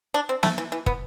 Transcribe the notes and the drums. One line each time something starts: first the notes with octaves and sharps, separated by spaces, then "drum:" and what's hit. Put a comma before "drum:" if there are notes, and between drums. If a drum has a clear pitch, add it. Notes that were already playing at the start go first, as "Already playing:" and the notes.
D4
C4
A3, drum: snare
E3
E3
B3, drum: kick